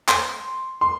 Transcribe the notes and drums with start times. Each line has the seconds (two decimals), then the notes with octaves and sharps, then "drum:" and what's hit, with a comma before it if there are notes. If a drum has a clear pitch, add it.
0.08 C6, drum: clap
0.81 C6